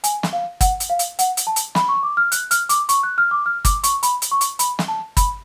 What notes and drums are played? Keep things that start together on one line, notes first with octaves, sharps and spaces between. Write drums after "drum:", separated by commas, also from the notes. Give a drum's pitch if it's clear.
G#5, drum: hi-hat
drum: snare
F5
F#5, drum: kick, hi-hat
drum: hi-hat
F5
drum: hi-hat
F#5, drum: hi-hat
drum: hi-hat
A5
drum: hi-hat
B5, drum: snare
C#6
D6
F6
F#6, drum: hi-hat
F6, drum: hi-hat
D6, drum: hi-hat
C#6, drum: hi-hat
F#6
F6
D6
F6
D6, drum: kick, hi-hat
C#6, drum: hi-hat
B5, drum: hi-hat
drum: hi-hat
C#6
drum: hi-hat
B5, drum: hi-hat
drum: snare
A5
B5, drum: kick, hi-hat